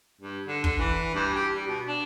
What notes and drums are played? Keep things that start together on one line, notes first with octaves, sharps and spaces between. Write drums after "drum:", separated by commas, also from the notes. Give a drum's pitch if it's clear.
G2
D3
D3, drum: kick
E3
G2
G4
G3
B2
D4